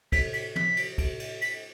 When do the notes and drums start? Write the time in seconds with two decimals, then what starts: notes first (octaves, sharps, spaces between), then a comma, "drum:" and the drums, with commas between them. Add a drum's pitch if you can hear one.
0.12 B6, drum: kick, cymbal
0.33 B6, drum: cymbal
0.56 B6, drum: tom
0.77 drum: cymbal
0.98 drum: kick, cymbal
1.20 drum: cymbal
1.41 B6, drum: cymbal